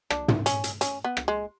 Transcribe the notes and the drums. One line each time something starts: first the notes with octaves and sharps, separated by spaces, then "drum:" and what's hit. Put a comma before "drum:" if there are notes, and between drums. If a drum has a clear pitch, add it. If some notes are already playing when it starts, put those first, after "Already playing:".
D4, drum: rim click
drum: tom
C#4, drum: hi-hat
drum: hi-hat
C#4, drum: hi-hat
B3
drum: rim click
G#3